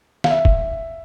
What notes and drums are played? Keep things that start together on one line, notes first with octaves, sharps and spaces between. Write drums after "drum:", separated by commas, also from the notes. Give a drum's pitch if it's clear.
F5, drum: snare
E5
drum: kick